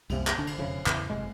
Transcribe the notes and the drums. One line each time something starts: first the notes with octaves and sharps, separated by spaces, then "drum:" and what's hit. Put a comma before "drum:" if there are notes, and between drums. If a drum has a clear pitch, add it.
C2 F#2 C3 A#3, drum: cymbal
drum: clap
D1 D3 D4
drum: cymbal
E1 F2 C#3
E2 A2 C#3 E3, drum: clap
F#1 C3 G#3